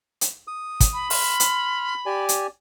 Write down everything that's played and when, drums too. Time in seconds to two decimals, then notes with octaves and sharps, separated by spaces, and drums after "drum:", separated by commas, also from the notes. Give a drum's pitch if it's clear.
0.21 drum: hi-hat
0.47 D#6
0.80 drum: kick, hi-hat
0.93 B5
1.10 C6 F6, drum: open hi-hat
1.40 drum: hi-hat
2.06 G4 D5 G#5
2.29 drum: hi-hat